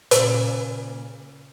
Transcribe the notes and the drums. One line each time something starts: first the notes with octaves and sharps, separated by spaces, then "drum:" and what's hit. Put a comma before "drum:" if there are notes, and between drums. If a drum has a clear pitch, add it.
A#2 C#3, drum: hi-hat